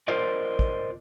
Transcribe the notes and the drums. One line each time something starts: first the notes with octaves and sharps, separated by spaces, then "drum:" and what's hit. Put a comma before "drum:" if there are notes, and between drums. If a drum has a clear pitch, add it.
F4 A#4 C5 D5 D#5
drum: kick